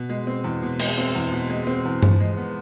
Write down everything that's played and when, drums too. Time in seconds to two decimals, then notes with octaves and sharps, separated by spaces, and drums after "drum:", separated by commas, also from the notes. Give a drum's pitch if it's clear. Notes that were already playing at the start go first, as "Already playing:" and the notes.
Already playing: B2
0.09 G#3
0.27 C4
0.44 E2
0.62 B2
0.79 G#3, drum: cymbal
0.98 C4
1.15 E2
1.32 B2
1.50 G#3
1.67 C4
1.85 E2
2.02 F3, drum: tom G2
2.20 G#3
2.37 B3